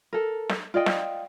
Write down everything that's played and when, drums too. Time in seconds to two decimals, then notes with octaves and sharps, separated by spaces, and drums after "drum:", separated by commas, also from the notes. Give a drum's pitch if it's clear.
0.13 A4 A#4
0.49 drum: snare
0.74 F4 D5 D#5 G5
0.86 drum: snare